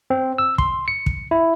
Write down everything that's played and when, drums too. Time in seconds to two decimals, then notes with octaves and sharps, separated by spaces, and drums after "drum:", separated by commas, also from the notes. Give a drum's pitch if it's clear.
0.10 C4
0.38 E6
0.58 C6, drum: kick
0.88 C#7
1.06 drum: kick
1.31 E4